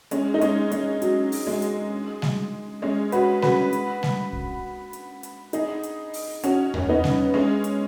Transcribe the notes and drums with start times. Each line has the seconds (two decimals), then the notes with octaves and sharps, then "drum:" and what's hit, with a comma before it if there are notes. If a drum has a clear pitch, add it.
0.11 G#3 C#4, drum: hi-hat
0.34 D#4
0.41 G#3 C#4, drum: hi-hat
0.72 G#3, drum: hi-hat
1.02 F#3, drum: hi-hat
1.32 drum: open hi-hat
1.47 G#3
1.62 drum: hi-hat
2.22 drum: snare G3
2.82 G#3 C#4
3.12 F#4 B4, drum: hi-hat
3.42 F#4 B4, drum: snare G3
3.73 drum: hi-hat
4.03 drum: snare G3
4.33 drum: kick B1
4.93 drum: hi-hat
5.23 drum: hi-hat
5.53 D#4 G#4, drum: hi-hat
5.83 drum: hi-hat
6.14 drum: open hi-hat
6.43 C#4 F#4, drum: hi-hat
6.74 drum: tom E2
6.89 B3 D#4
7.04 drum: snare G3
7.34 G#3 C#4
7.64 drum: hi-hat